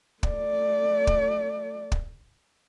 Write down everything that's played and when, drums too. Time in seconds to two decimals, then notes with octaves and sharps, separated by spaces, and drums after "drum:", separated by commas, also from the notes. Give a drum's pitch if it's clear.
0.23 A3 D5, drum: kick
1.07 drum: kick
1.92 drum: kick